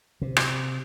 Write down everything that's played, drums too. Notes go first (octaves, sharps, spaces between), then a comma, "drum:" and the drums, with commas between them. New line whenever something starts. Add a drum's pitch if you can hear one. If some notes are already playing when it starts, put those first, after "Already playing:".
C3
drum: rim click